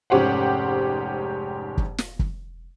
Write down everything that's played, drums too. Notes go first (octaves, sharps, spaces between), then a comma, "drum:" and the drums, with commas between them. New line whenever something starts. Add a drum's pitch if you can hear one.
F1 G#2 C#4 G4 C5 F#5
drum: kick
drum: snare
drum: kick